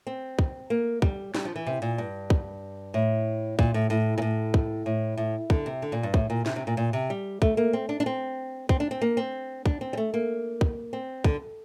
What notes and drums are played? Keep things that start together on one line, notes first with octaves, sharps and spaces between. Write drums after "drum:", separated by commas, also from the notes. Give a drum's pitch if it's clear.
C4
drum: kick
A#3
G3, drum: kick
G3, drum: snare
F3
E3
C3
A#2
G2
drum: kick
A2
A#2, drum: kick
A2
A2
A#2
A2
drum: kick
A2
A2
D3, drum: kick
C3
D3
A#2
G2
A2, drum: kick
A#2
C3, drum: snare
C3
A#2
A#2
C3
G3
A3, drum: kick
A#3
C4
D4
D4
C4
C4, drum: kick
D4
C4
A#3
C4
D4, drum: kick
C4
G3
A3
A#3
drum: kick
C4
D3, drum: kick